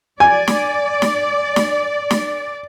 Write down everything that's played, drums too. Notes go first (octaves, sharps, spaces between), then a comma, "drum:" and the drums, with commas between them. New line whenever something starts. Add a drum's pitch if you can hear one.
D5 G#5
drum: snare
drum: snare
drum: snare
drum: snare